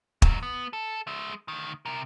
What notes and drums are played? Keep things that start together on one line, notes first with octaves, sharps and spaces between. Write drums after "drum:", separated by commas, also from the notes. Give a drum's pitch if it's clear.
G#2 F#3, drum: kick
B3
A4
G#3 E5
D2 D#3
C3 A#4